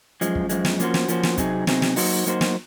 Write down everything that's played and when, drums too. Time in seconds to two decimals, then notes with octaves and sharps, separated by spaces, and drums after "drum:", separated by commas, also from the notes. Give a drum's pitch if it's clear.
0.21 F#2 F3 G#3, drum: hi-hat
0.35 drum: kick
0.49 F#2 F3 G#3, drum: hi-hat
0.65 drum: snare
0.80 F3 A#3 C#4 F#4 C5, drum: hi-hat
0.94 drum: snare
1.08 F3 A#3 C#4 F#4 C5, drum: hi-hat
1.23 drum: snare
1.37 C3 F#3 C4 D#4 G#4, drum: kick, hi-hat
1.67 C3 F#3 C4 D#4 G#4, drum: snare
1.82 drum: snare
1.96 F#3 A#3 D#4 F#4 C5, drum: open hi-hat
2.26 F#3 A#3 D#4 F#4 C5, drum: hi-hat
2.41 drum: snare